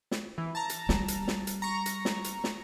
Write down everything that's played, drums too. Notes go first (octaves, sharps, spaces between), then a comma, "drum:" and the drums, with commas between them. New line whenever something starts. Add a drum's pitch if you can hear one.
drum: snare
E3
A5 A#5
drum: hi-hat
G3, drum: snare
drum: hi-hat
drum: snare
drum: hi-hat
A#5 C#6
drum: hi-hat
drum: snare
drum: hi-hat
drum: snare